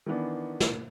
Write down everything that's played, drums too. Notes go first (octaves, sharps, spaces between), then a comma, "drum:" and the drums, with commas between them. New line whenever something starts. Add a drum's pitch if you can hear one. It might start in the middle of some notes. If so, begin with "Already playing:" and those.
D#3 E3 B3 D4
drum: snare